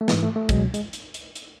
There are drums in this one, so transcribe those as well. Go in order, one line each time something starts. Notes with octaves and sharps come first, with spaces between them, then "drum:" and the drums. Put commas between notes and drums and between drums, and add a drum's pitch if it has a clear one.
A3
G#2 E3 G#3 B3, drum: snare
A3
A3
C#2 B2 F#3 G#3, drum: kick, hi-hat
G#3, drum: hi-hat
drum: hi-hat
drum: hi-hat
drum: hi-hat